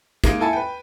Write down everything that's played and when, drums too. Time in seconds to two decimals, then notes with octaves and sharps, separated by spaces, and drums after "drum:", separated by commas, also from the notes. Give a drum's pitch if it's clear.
0.24 G#3 A#3 D#4, drum: kick, hi-hat
0.40 E4 A4 G#5 A5
0.53 B4 G5